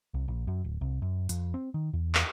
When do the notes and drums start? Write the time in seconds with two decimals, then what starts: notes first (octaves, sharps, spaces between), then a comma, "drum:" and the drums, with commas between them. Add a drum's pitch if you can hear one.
0.14 C2
0.28 A#1
0.47 F#2
0.64 D1
0.81 C2
1.02 F#2
1.29 F2, drum: hi-hat
1.54 C4
1.74 D#3
1.93 E2
2.15 drum: clap